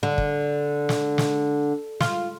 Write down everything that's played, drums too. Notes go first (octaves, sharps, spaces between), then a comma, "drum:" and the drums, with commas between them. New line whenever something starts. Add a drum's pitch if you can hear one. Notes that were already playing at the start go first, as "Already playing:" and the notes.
D3
drum: kick
drum: snare
drum: snare
F4, drum: snare